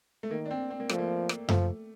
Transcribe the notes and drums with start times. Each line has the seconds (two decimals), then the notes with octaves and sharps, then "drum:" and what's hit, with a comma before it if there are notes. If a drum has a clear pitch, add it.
0.23 A3
0.31 D#3 A#3
0.46 D4
0.51 C4
0.70 C4
0.80 A#3
0.89 F3 A3, drum: rim click
0.98 A#3
1.29 drum: rim click
1.49 F3 A3, drum: tom F#2